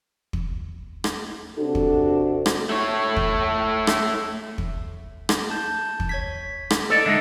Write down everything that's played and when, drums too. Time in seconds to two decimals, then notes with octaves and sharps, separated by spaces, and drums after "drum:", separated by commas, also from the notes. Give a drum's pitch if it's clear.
0.33 drum: kick
1.04 drum: rim click
1.58 C3 D4 F#4 A4
1.75 drum: kick
2.46 drum: rim click
2.69 A3 C#5
3.16 drum: kick
3.87 drum: rim click
4.58 drum: kick
5.29 drum: rim click
5.50 A5 G6
6.00 drum: kick
6.09 C#5 G#6 B6
6.70 drum: rim click
6.90 A4 D5 D#5 E6
7.06 D3 G#3 D#4 E5